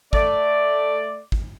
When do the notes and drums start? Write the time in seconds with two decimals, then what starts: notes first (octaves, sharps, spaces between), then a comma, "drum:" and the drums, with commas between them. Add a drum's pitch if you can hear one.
0.13 A3 D5, drum: kick
1.32 drum: kick